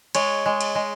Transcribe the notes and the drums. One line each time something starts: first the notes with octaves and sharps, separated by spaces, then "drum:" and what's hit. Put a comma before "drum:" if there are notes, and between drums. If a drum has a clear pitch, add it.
G#3 C#5, drum: cymbal
G#3
drum: cymbal
G#3